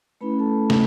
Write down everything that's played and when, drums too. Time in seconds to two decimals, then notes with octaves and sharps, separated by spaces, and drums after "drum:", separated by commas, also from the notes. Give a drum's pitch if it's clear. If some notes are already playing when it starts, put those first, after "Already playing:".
0.21 A3 C#4 E4 B4 B5
0.39 A4 A5
0.70 drum: snare